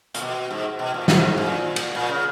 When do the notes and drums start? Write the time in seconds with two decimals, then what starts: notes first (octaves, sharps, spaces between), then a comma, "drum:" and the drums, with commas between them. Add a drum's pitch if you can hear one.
0.14 A#2, drum: hi-hat
0.21 B2
0.51 G#2
0.79 B2
0.94 A#2
1.08 G#2, drum: snare
1.38 A#2
1.76 drum: cymbal
1.95 A#2
2.09 C#3